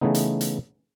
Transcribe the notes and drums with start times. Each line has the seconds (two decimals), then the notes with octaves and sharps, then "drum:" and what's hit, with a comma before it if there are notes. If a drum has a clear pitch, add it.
0.01 C#3 E3 A3 B3 D#4
0.15 drum: hi-hat
0.41 drum: hi-hat